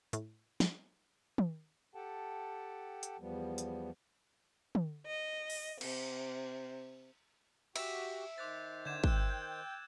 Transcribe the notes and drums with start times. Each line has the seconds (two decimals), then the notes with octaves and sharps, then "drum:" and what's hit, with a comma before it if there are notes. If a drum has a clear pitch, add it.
0.13 A2, drum: hi-hat
0.60 drum: snare
1.38 drum: tom
1.95 G4 A4 F#5 G5 A5
3.03 drum: hi-hat
3.20 E2 F3 G3 B3
3.58 drum: hi-hat
4.75 drum: tom
5.06 D#5
5.50 drum: open hi-hat
5.81 C3, drum: cymbal
7.76 F#4 G4 E5, drum: cymbal
8.38 D#3 C5 D6 F#6 A6
8.85 D3 G6 G#6 E7
9.04 G5 E6 F#6, drum: kick